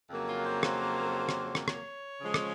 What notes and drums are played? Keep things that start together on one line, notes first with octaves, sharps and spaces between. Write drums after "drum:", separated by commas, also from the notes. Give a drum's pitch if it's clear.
F2 C#3 F#3 A#3
F4
C5
C5, drum: rim click
drum: rim click
drum: rim click
C#5, drum: rim click
C#3 F3 G#3 C#4
drum: rim click